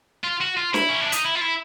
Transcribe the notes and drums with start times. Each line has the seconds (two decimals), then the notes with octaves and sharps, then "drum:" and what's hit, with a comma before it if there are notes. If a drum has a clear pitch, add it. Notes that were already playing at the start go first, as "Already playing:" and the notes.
0.24 F4
0.41 F#4
0.57 F4
0.74 E4, drum: snare
0.89 C#4
1.01 D4
1.12 D#4, drum: hi-hat
1.25 E4
1.35 F4
1.41 E4